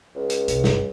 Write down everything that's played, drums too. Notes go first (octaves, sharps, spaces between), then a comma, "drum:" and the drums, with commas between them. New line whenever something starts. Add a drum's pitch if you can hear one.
C#2
drum: hi-hat
C2, drum: hi-hat
G1, drum: snare